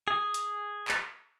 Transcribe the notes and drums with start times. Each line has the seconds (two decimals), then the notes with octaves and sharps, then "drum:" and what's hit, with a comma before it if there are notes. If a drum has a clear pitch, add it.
0.08 G#4
0.34 drum: hi-hat
0.88 drum: clap